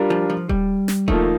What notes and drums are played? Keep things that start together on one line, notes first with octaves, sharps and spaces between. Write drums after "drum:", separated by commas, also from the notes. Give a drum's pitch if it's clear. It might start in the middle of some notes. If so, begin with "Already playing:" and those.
Already playing: G3 D4 F4 A#4
F3
F3
G3, drum: kick D#1
drum: snare
F3 A3 A#3 D#4, drum: kick D#1